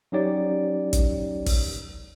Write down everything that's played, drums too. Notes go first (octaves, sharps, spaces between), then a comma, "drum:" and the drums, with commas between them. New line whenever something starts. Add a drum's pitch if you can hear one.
F#3 C#4 D#4 G4 C#5 D5
drum: kick, hi-hat
drum: kick, open hi-hat